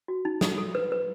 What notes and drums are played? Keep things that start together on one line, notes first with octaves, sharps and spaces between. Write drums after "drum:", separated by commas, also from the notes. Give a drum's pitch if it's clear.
F#4
D#4
A4, drum: snare
A4
B4
B4